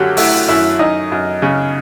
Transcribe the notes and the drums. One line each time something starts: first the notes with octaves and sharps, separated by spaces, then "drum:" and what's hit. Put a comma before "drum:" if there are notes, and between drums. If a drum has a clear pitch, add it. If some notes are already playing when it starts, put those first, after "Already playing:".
Already playing: F#2 D3 F#3 F#4 G4
A3 E4, drum: open hi-hat
F#2 E4
F#2 D#4
F#2
C#3